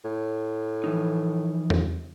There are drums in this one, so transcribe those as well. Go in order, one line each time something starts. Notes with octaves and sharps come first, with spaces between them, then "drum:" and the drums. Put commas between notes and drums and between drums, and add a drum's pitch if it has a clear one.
A2
E3 F3 D#4
drum: tom